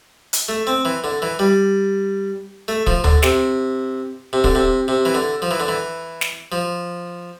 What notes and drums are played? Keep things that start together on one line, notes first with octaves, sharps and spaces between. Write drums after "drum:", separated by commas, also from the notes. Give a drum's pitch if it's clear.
drum: hi-hat
A3
C4
E3
D3
E3
G3
A3
F3, drum: kick
D3, drum: tom D2
C3, drum: snare
C3
D3, drum: kick
C3
C3
E3
D3
F3
E3
D3
E3
drum: snare
F3